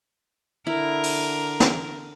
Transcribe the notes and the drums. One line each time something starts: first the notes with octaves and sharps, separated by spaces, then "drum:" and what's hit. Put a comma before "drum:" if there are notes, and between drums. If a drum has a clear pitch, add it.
D3 E4 A#4
drum: open hi-hat
drum: snare